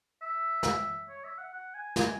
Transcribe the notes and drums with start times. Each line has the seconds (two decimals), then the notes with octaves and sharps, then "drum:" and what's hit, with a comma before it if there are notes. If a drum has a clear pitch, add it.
0.22 E5
0.63 drum: snare
1.09 C#5
1.24 E5
1.38 F#5
1.53 F#5
1.74 G#5
1.96 G#5, drum: snare